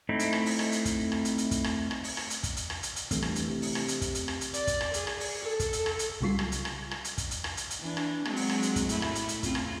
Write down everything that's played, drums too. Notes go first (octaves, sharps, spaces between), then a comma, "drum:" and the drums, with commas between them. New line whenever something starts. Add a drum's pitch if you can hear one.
A3 C4 D#4 E4
drum: hi-hat
drum: rim click
drum: open hi-hat
drum: rim click
drum: hi-hat
drum: kick, hi-hat
drum: rim click
drum: hi-hat
drum: hi-hat
drum: kick, hi-hat
drum: rim click
drum: rim click
drum: open hi-hat
drum: rim click
drum: hi-hat
drum: kick, hi-hat
drum: hi-hat
drum: rim click
drum: hi-hat
drum: hi-hat
G2 E3 A3 C4, drum: kick, hi-hat
drum: rim click
drum: hi-hat
C3
drum: open hi-hat
drum: rim click
drum: hi-hat
drum: kick, hi-hat
drum: hi-hat
drum: rim click
drum: hi-hat
D5, drum: hi-hat
drum: kick, hi-hat
drum: rim click
G#4, drum: hi-hat
drum: rim click
drum: open hi-hat
A4
drum: kick, hi-hat
drum: hi-hat
drum: rim click
drum: hi-hat
C2 C#3 F#3 G3 F4 C7
drum: rim click
drum: hi-hat
drum: rim click
drum: rim click
drum: hi-hat
drum: kick, hi-hat
drum: hi-hat
drum: rim click
drum: hi-hat
drum: hi-hat
E3 D4
drum: rim click
F#3 G#3 C4, drum: rim click
drum: open hi-hat
drum: rim click
drum: hi-hat
drum: kick, hi-hat
A2 A3 E4, drum: hi-hat
drum: rim click
drum: hi-hat
drum: hi-hat
C#3 C4 F4, drum: kick, hi-hat
drum: rim click